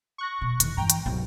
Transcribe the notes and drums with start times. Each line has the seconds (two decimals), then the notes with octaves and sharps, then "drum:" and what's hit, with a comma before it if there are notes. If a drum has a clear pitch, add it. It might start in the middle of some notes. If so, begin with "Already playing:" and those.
0.18 C#6 F#6 A#6
0.41 B2
0.60 E2 D#3, drum: hi-hat
0.77 G2 E3 G5 A#5
0.90 drum: hi-hat
1.06 C2 G#2 B2 F#3 B3